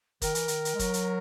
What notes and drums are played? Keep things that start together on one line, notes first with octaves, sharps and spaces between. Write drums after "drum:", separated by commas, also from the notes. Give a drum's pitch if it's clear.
D#3 A#4, drum: kick, hi-hat
E3, drum: hi-hat
D#3, drum: hi-hat
drum: hi-hat
G#3
F#3, drum: kick, hi-hat
drum: hi-hat